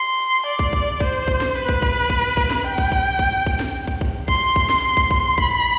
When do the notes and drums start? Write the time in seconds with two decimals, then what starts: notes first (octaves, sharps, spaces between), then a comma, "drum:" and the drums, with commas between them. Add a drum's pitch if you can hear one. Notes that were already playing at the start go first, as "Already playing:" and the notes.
Already playing: C6
0.46 D5
0.59 drum: kick
0.73 drum: kick
1.00 C5, drum: kick
1.28 drum: kick
1.41 drum: snare
1.55 B4
1.69 drum: kick
1.82 drum: kick
2.10 drum: kick
2.37 drum: kick
2.51 drum: snare
2.64 G5
2.78 drum: kick
2.92 drum: kick
3.19 drum: kick
3.46 drum: kick
3.60 drum: snare
3.87 drum: kick
4.01 drum: kick
4.28 C6, drum: kick
4.56 drum: kick
4.70 drum: snare
4.83 C6
4.97 drum: kick
5.11 drum: kick
5.38 B5, drum: kick